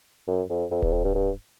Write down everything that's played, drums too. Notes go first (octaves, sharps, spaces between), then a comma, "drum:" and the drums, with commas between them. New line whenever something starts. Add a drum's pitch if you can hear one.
F#2
F2
F2
E2, drum: kick D1
F2
G2
G2